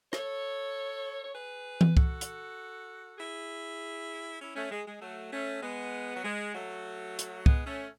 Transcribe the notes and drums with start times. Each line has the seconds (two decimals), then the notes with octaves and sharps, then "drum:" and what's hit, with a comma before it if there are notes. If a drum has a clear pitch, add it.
0.13 A4 C#5, drum: rim click
1.24 C#5
1.35 G#4 B4
1.81 drum: tom E3
1.97 F#4 A4, drum: kick
2.21 drum: hi-hat
3.19 E4 G#4
4.41 C#4 E4
4.56 A3 C#4
4.72 G#3
4.87 G#3
5.01 F#3 A3
5.33 A3 C#4
5.63 G#3 B3
6.16 F#3
6.25 G#3
6.54 F#3 A3
7.19 drum: hi-hat
7.46 G#3 B3, drum: kick
7.67 A3 C#4